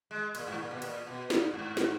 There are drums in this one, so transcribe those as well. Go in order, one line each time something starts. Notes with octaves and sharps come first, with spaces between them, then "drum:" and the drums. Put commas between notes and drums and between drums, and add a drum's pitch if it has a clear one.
G#3
A#2, drum: cymbal
G#2
A#2
B2
A#2, drum: cymbal
B2
A#2, drum: snare
G#2
drum: snare